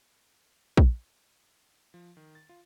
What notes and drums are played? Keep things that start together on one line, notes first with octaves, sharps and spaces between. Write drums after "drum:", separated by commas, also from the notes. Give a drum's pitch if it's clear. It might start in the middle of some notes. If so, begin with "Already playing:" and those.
drum: kick
F3
D#3
A6
F4